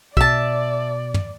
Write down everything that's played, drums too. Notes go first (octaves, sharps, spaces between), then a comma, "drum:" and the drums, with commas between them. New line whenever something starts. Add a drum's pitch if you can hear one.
B2 D5 E5 A5, drum: kick
drum: tom